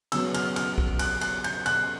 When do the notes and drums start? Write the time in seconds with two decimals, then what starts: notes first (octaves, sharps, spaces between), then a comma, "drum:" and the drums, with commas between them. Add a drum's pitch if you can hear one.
0.12 C#3 F#3 B3 E6, drum: cymbal
0.34 F6, drum: cymbal
0.56 F6, drum: cymbal
0.78 drum: kick B1
0.99 F#6, drum: cymbal
1.21 F#6, drum: cymbal
1.44 G6, drum: cymbal
1.66 F#6, drum: cymbal